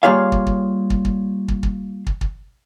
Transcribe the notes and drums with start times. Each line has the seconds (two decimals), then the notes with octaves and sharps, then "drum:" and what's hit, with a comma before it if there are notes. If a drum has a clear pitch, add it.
0.03 G3 A#3 F4 G#4 C#5 F5
0.32 drum: kick
0.47 drum: kick
0.90 drum: kick
1.05 drum: kick
1.48 drum: kick
1.63 drum: kick
2.07 drum: kick
2.21 drum: kick